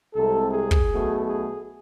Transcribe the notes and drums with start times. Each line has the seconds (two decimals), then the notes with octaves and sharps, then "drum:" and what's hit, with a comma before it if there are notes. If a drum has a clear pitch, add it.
0.13 C2 C3 G#3 A4
0.51 G#4
0.71 drum: kick
0.90 B1 B2 A3
1.28 G#4